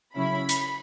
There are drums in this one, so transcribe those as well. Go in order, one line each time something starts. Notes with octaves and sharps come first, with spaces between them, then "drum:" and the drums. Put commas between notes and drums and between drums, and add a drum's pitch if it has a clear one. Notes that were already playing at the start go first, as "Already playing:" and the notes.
C#3 F#3 C#4 E4 B5
drum: hi-hat